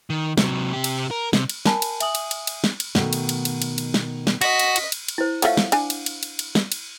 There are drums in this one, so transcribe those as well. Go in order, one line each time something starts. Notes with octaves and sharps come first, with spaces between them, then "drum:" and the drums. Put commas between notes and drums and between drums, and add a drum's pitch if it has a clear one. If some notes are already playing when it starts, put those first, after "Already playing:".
D#3
C3 F#3, drum: snare
C3 G4
drum: cymbal
A#4
C3, drum: snare
drum: cymbal
A#4 G#5 A5 B5, drum: snare
drum: cymbal
E5 G#5 D#6 F#7, drum: cymbal
drum: cymbal
drum: cymbal
drum: cymbal
drum: snare
drum: cymbal
B2 D#3 A3, drum: snare
drum: cymbal
drum: cymbal
drum: cymbal
drum: cymbal
drum: cymbal
drum: snare
drum: snare
F#4 D#5 B6, drum: cymbal
drum: cymbal
drum: cymbal
drum: cymbal
drum: cymbal
E4 C5
A3 F4 C#5 F5 F#5, drum: cymbal
drum: snare
D4 G#5, drum: cymbal
drum: cymbal
drum: cymbal
drum: cymbal
drum: cymbal
drum: snare
drum: cymbal